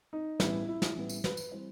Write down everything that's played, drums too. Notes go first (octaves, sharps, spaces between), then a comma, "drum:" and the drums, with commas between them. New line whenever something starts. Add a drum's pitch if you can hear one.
D#4
A1 A2 E3 G3 B3 E4, drum: snare
E4
drum: snare
A1 A2 E3 G3 B3 E4
drum: tambourine
B4, drum: snare
drum: tambourine
E3 G3 C4 C5